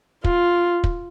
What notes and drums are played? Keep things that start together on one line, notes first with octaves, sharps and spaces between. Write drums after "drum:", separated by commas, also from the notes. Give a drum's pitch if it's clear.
F4, drum: kick
drum: kick